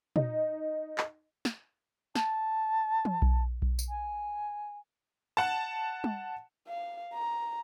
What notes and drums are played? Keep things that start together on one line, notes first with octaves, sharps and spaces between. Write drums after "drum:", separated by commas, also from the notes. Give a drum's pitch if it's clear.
D#4, drum: tom
drum: clap
drum: snare
A5, drum: snare
drum: tom E3
drum: kick B1
drum: kick B1
drum: tambourine
G#5
F#5 A5
drum: tom G3
F5
A#5